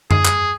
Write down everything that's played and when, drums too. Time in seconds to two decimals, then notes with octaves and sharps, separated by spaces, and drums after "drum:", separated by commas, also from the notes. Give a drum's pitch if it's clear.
0.11 G#4, drum: tom F#2
0.25 drum: clap